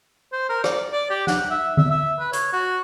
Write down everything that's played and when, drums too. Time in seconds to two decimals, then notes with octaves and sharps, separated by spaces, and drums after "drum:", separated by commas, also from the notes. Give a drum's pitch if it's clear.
0.33 C5
0.49 A#4
0.64 D5, drum: rim click
0.92 D5
1.10 G4
1.27 F#5, drum: snare
1.51 E5
1.77 E5, drum: tom D3
1.91 E5
2.19 B4
2.33 C#5, drum: hi-hat
2.53 F#4